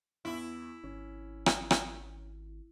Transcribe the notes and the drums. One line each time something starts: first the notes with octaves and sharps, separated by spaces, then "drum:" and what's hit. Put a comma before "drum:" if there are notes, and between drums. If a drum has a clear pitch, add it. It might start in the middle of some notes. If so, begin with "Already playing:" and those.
E2 E4
G#1 C#4
drum: rim click
drum: rim click